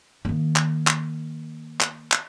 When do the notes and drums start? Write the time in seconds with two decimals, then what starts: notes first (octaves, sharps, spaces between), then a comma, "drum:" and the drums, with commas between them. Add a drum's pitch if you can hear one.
0.25 D#3 A#3
0.56 drum: clap
0.87 drum: clap
1.81 drum: clap
2.12 drum: clap